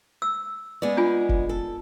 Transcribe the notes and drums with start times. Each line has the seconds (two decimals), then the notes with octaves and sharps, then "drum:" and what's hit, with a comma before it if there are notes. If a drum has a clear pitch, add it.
0.22 E6
0.82 G#3 B3 D5
0.97 D4 F4 G#5
1.29 drum: kick
1.49 A4